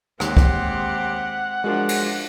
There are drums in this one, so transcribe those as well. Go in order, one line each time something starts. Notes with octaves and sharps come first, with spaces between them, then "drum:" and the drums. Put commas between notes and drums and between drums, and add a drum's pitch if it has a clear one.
D#2 G#3 C4 G4 F#5, drum: rim click
drum: kick
F3 G#3 D4 F#4 A#4
drum: cymbal